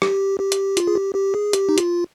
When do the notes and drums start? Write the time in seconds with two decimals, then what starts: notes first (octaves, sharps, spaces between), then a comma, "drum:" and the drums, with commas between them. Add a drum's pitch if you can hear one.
0.02 G4, drum: rim click
0.40 G4
0.52 drum: hi-hat
0.77 F4, drum: hi-hat
0.87 G#4
0.95 G4
1.15 G4
1.34 G#4
1.53 G4, drum: hi-hat
1.69 D#4
1.78 F4, drum: hi-hat